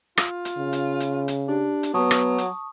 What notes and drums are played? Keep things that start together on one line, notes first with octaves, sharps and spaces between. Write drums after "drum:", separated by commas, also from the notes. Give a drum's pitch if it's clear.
F4, drum: rim click
drum: hi-hat
C#3
drum: hi-hat
drum: hi-hat
drum: hi-hat
D4 G4
drum: hi-hat
F#3 B3 A5 C#6 D#6
drum: rim click
drum: hi-hat